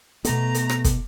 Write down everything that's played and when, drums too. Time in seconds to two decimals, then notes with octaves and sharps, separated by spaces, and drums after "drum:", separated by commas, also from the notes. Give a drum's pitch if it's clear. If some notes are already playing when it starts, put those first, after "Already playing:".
0.25 B2 A3 B3 A#5, drum: hi-hat
0.54 drum: hi-hat
0.69 drum: rim click
0.84 drum: kick, hi-hat